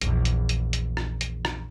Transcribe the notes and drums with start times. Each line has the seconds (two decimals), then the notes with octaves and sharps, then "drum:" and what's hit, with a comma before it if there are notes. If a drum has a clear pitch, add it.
0.01 A#1 E2, drum: hi-hat
0.25 drum: hi-hat
0.49 drum: hi-hat
0.73 drum: hi-hat
0.97 drum: rim click
1.21 drum: hi-hat
1.45 drum: rim click